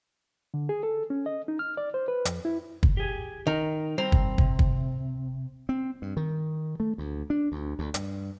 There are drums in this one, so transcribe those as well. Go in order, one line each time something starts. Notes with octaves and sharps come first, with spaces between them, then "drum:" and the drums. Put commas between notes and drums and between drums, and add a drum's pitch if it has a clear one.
D3
G#4
A4
C#4
D#5
D#4
F6
D5
C5
B4
F2, drum: hi-hat
E4
drum: kick
G4 G#4
D#3 A#5
G3 C4 A#5
drum: kick
C3, drum: kick
drum: kick
C4
G2
D#3
A3
D2
D4
D2
D2
G2, drum: hi-hat